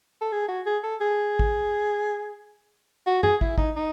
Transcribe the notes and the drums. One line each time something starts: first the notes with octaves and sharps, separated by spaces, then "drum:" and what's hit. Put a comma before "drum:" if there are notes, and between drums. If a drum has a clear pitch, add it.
A4
G#4
F#4
G#4
A4
G#4
drum: kick
F#4
G#4, drum: tom F#2
E4, drum: kick
D#4, drum: kick
D#4